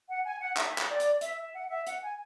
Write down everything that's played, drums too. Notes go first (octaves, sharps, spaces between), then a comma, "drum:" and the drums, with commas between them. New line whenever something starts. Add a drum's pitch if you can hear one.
F#5
G#5
F#5
E5, drum: clap
drum: clap
D5
drum: hi-hat
E5, drum: hi-hat
E5
F#5
E5
F#5, drum: hi-hat
G#5